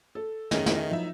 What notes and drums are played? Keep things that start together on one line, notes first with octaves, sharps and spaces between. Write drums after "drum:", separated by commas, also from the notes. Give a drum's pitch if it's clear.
A4
D#3 A3 C#4 F4 G#4 D#5, drum: snare
drum: snare
F3 F#3 B3 D#4 E4 E5